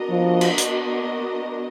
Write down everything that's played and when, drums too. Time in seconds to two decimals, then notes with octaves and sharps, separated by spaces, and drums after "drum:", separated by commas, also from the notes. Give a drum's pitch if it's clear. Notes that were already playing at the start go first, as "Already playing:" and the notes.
Already playing: B3 D4 F#4 A#4 D#5
0.10 F3
0.41 drum: cymbal
0.58 drum: hi-hat